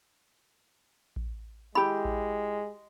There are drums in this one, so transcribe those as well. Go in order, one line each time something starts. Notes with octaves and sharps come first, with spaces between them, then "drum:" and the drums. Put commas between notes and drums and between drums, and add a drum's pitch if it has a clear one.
drum: kick A1
G#3 E4 G4 B5
drum: kick A1